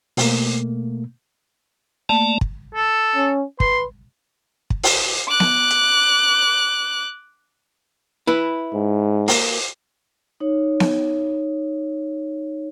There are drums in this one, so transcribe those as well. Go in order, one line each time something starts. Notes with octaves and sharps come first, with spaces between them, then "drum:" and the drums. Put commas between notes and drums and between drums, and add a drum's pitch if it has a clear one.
B2 A3 A#3, drum: open hi-hat
A3 A#3 D5 A5
drum: kick
A4
C#4
B4 C6, drum: kick
drum: kick
drum: open hi-hat
D6 F#6
drum: snare B3
drum: hi-hat
E4 B4
G#2
A#3, drum: open hi-hat
D#4 C#5
drum: snare B3